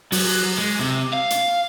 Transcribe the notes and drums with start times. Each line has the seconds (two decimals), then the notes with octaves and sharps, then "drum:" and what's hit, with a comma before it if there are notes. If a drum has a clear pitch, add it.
0.12 F#3, drum: open hi-hat
0.58 G#3
0.79 C3
1.13 F5
1.30 drum: hi-hat